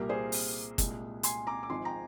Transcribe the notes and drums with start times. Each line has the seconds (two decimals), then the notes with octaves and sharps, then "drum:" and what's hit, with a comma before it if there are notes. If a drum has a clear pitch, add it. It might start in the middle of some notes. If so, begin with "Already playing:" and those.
Already playing: C2 A#2 G3 A#3 G4 A#4
0.09 G#4 C5
0.32 drum: open hi-hat
0.78 C2 A#2 G#3, drum: kick, hi-hat
1.23 G#5 C6, drum: hi-hat
1.47 A#5 D6
1.63 D6
1.70 G#1 G#2 F3 G#5 C6
1.85 G5 A#5